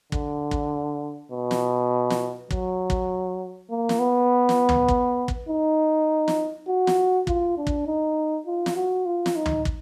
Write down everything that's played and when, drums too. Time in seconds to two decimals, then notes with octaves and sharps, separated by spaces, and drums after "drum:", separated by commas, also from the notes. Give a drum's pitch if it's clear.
0.12 D3, drum: kick
0.51 drum: kick
1.32 B2
1.51 drum: snare
2.10 drum: snare
2.51 F#3, drum: kick
2.90 drum: kick
3.70 A#3
3.89 drum: snare
3.99 B3
4.49 drum: snare
4.69 drum: tom
4.89 drum: kick
5.28 drum: kick
5.49 D#4
6.28 drum: snare
6.68 F#4
6.87 drum: snare
7.27 F4, drum: kick
7.57 D4
7.67 drum: kick
7.87 D#4
8.47 F4
8.66 drum: snare
8.76 F#4
9.06 F4
9.26 drum: snare
9.36 D#4
9.46 drum: tom
9.65 drum: kick